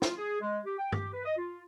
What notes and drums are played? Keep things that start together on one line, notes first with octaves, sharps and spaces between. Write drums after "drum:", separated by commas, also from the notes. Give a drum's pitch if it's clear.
F4, drum: snare
G#4
G#3
G4
G5
G4, drum: tom G2
B4
D#5
F4